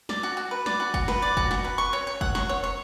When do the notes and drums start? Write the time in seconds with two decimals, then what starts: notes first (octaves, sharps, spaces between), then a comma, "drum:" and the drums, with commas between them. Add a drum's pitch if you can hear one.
0.09 D5, drum: snare
0.23 F#4
0.37 F#4
0.51 B4
0.66 D5, drum: snare
0.80 F#4
0.94 F#4, drum: kick
1.08 B4, drum: snare
1.22 D5
1.37 F#4, drum: kick
1.51 F#4, drum: snare
1.64 B4
1.78 C#6
1.93 C#5
2.07 C#5
2.21 F#5, drum: kick
2.35 C#6, drum: snare
2.49 C#5
2.64 C#5